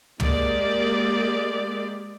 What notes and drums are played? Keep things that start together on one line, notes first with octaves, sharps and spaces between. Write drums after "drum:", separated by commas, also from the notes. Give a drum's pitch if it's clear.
G#3 A#3 G4 D5, drum: tom